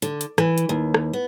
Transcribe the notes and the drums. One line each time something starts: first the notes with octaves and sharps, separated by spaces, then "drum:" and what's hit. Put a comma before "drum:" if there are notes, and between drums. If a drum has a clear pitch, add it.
D3, drum: hi-hat
drum: hi-hat
E3, drum: rim click
drum: hi-hat
D#2
drum: rim click
B3